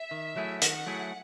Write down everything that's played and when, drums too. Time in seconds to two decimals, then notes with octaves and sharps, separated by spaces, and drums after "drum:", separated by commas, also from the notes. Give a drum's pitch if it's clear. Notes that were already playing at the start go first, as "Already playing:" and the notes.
Already playing: E5
0.11 D#3
0.36 F#3 A3 E4 G#4
0.62 D#3 F#5, drum: hi-hat
0.86 F#3 A3 E4 G#4